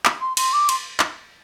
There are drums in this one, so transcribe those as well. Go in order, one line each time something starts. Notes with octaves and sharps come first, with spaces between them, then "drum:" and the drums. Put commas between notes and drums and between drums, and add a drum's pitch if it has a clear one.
drum: clap
C6
C6, drum: cymbal
D6
C6, drum: cymbal
drum: clap